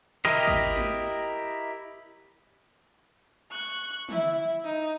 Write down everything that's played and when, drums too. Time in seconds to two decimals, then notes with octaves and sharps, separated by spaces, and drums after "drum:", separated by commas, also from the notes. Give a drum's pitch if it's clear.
0.25 E4 G4 A#4 D#5, drum: tom
0.47 drum: kick
0.76 drum: snare
3.51 C#6 F#6
4.09 E4, drum: tom
4.65 D#4